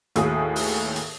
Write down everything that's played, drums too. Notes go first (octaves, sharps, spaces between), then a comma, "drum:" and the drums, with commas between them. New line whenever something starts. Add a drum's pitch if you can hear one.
D#2 A2 F#4 G#4 D#6, drum: hi-hat
drum: open hi-hat
drum: hi-hat